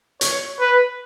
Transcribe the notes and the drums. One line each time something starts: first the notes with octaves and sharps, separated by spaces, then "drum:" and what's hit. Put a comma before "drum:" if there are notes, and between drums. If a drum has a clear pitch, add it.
C#5, drum: hi-hat
B4